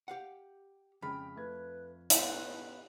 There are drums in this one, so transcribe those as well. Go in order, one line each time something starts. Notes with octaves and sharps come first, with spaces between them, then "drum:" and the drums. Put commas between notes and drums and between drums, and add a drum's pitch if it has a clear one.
G4 F5 F#5
F2 C#3 G#3 G5 B5 F6
A3 B4 G#6
A2 B3 G4 F#5, drum: hi-hat